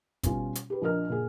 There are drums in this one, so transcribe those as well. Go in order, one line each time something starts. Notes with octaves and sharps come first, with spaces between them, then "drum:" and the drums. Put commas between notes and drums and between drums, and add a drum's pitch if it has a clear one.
B2 G3 C#4 F4, drum: kick, hi-hat
drum: hi-hat
G4 B4
A#1 D4 A#4 D#5 F6
A#2 G#4